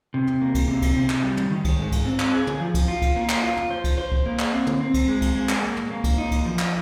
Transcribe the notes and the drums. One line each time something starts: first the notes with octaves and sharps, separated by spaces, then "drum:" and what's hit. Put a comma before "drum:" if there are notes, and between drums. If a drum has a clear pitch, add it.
C3
drum: tom
A#3
drum: kick C2, cymbal
C3
drum: kick C2, cymbal
C3
drum: clap
G3
drum: tom
D#3
drum: kick C2, cymbal
G#2
drum: kick C2, cymbal
C4
drum: clap
G#4
drum: tom
F3
drum: kick C2, cymbal
F4
drum: kick C2, cymbal
A#3
drum: clap
F4
drum: tom
C5
drum: kick C2, cymbal
C5
drum: kick C2
A#3
drum: clap
C4
drum: tom
C4
drum: kick C2, cymbal
G#3
drum: kick C2, cymbal
G#3
drum: clap
A#3
drum: tom
A#3
drum: kick C2, cymbal
D#4
drum: kick C2, cymbal
F3
drum: clap